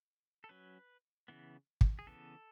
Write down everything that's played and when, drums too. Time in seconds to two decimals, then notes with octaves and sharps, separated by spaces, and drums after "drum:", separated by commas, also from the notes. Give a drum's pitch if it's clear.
0.44 A4
0.49 F#3 C#4 B4
1.28 C#3 E3 B3
1.81 drum: kick
1.99 G#4
2.07 C#3 E3 B3 A4